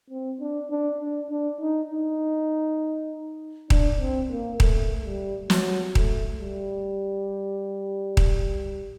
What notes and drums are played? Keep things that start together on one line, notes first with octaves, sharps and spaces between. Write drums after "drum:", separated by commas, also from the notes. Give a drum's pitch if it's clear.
C4
D4
D4
D4
D4
D#4
D#4
D4, drum: kick D#1
C4
A#3
A3, drum: kick D#1
G3
F#3, drum: snare
A3, drum: kick D#1
G3
drum: kick D#1